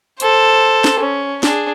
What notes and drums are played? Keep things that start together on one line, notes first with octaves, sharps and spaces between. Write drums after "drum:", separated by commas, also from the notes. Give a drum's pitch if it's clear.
A4 C5, drum: hi-hat
drum: snare
C#4
D4 G#4, drum: snare